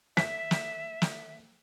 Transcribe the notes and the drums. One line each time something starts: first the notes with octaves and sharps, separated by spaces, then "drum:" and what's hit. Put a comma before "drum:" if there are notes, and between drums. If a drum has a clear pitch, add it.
E5 B6, drum: snare
drum: snare
drum: snare